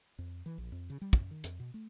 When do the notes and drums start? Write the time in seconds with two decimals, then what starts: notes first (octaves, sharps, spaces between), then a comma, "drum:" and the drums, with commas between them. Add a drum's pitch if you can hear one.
0.18 F2
0.46 E3
0.58 A#1
0.72 F2
0.90 C#3
1.01 G3
1.13 F#2, drum: kick
1.31 D#3
1.44 F2, drum: hi-hat
1.60 B2
1.74 A3